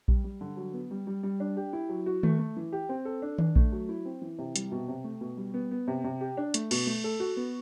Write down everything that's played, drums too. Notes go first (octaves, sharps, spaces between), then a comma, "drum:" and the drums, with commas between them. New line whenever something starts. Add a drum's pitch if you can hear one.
G3, drum: kick A#1
G3
D3
F#3
B3
G3
G3
G3
D4
G4
E4
F#3
F#4
A3, drum: tom D#3
A3
E3
G4
C4
A4
D4
D4, drum: tom D#3
A3, drum: kick A#1
F#3
E4
C4
E3
C3
G3, drum: hi-hat
B2
C3
A3
B2
G3
B3
B3
C3
C3
G4
D4
A3, drum: hi-hat
B2, drum: cymbal
A3
A4
F#4
B3